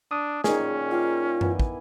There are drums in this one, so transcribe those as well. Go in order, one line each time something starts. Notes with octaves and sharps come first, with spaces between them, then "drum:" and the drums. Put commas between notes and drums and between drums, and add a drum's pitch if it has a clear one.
D4 D#6
A#2 D#3 C#4 G#4, drum: snare
F4 F5 G5 D6
B3 E4 G#5, drum: tom F#2
drum: kick